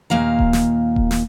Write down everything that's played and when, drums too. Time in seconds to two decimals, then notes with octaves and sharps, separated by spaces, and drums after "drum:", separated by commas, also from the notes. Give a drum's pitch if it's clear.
0.10 D#2 A#2 A#3 F5 A#5
0.39 drum: kick D#1
0.53 drum: snare
0.96 drum: kick D#1
1.11 drum: snare